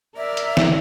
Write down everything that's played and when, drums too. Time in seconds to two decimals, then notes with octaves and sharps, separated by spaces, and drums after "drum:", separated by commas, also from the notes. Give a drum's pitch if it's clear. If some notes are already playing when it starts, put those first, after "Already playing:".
0.17 A#4 D5 E5
0.37 drum: hi-hat
0.57 drum: snare